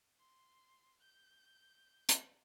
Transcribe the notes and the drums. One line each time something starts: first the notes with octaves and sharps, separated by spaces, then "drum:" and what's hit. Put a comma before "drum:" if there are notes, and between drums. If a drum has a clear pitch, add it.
C6
G6
drum: hi-hat